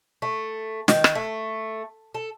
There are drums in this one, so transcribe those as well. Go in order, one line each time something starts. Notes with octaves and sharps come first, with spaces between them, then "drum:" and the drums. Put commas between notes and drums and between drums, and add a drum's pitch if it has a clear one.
A3
D#3, drum: snare
drum: rim click
A3
A4